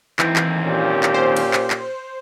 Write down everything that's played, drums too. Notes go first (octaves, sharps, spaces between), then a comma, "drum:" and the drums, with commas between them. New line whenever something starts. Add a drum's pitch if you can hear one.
D#2 E3 C4, drum: clap
drum: clap
A#2 C#4 G4
drum: clap
C5
drum: cymbal
drum: clap
drum: clap